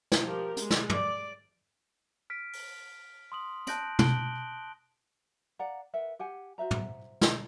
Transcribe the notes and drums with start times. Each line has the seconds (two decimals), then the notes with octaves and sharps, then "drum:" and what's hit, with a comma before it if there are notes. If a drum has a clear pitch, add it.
0.12 drum: snare
0.22 F3 G4 A#4
0.57 G#3, drum: hi-hat
0.70 drum: snare
0.90 D5, drum: tom
2.30 F6 B6 D7
2.53 drum: open hi-hat
3.32 C6 D#6 F#7
3.67 A5 F#6 G6 A#6 D7 F#7, drum: hi-hat
3.99 A5 F#6 D7 F#7 G7, drum: tom
5.59 D5 F5 F#5 A#5
5.93 A#4 B4 E5 F#5
6.19 G4 F#5 G#5
6.58 F#4 C5 E5 A#5
6.71 drum: tom
7.21 drum: snare